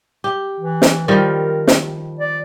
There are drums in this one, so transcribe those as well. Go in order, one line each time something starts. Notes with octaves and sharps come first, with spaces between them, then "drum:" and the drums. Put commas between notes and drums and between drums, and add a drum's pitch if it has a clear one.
G4
E3
drum: snare
D#3 F3 G3 A#4
drum: snare
D5